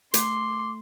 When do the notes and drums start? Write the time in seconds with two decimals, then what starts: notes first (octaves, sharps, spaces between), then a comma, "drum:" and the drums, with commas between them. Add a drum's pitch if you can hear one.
0.14 A3 C6 D6, drum: hi-hat